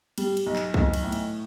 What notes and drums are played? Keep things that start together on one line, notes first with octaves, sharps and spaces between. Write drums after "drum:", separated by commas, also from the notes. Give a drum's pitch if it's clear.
G3, drum: cymbal
drum: cymbal
B1
drum: clap
B1, drum: kick
drum: cymbal
A2
drum: cymbal